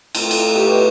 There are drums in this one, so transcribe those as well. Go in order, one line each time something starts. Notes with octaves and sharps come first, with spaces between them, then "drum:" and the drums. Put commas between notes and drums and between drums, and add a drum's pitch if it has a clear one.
A3 C4 F4, drum: cymbal
drum: cymbal
B2 G4 C#5